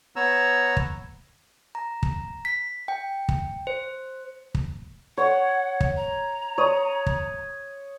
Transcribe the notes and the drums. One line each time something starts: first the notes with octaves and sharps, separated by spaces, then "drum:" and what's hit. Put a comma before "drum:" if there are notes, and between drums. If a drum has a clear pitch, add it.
B3 C#5 A#5 E6
drum: kick
A#5
drum: kick
B6
G5
drum: kick
C5
drum: kick
C#5 F#5
drum: kick
A#5
C#5 D#6
drum: kick